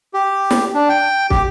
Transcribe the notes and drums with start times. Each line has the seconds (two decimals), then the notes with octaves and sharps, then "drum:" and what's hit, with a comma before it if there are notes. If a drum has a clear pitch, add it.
0.14 G4
0.51 drum: snare
0.74 D4
0.89 G5
1.30 G4, drum: kick